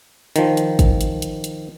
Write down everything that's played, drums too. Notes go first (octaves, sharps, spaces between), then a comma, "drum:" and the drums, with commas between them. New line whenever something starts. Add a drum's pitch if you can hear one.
D#3 F3, drum: hi-hat
drum: hi-hat
drum: kick, hi-hat
drum: hi-hat
drum: hi-hat
drum: hi-hat